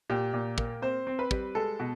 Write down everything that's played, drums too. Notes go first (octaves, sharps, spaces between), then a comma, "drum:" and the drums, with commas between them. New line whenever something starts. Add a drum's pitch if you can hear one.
A#2 G4
A#2
A#3, drum: kick
C4 C5
C4
B4
G3, drum: kick
G#3 A4
B2